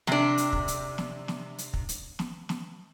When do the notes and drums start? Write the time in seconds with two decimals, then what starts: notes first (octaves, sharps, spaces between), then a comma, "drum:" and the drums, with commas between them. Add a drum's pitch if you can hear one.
0.07 C3 D4, drum: snare
0.38 drum: hi-hat
0.53 drum: kick
0.68 drum: hi-hat
0.98 drum: snare
1.28 drum: snare
1.58 drum: hi-hat
1.74 drum: kick
1.89 drum: hi-hat
2.19 drum: snare
2.49 drum: snare